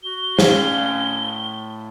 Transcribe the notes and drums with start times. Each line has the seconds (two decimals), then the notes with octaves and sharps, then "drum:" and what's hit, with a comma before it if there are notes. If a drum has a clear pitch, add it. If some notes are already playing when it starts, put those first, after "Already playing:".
0.03 F#4 G7
0.39 A2 C#4 F5, drum: snare